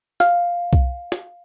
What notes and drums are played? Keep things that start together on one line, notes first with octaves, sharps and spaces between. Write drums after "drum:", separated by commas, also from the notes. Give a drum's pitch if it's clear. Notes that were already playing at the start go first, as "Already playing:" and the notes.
F5, drum: snare
drum: kick C2
drum: snare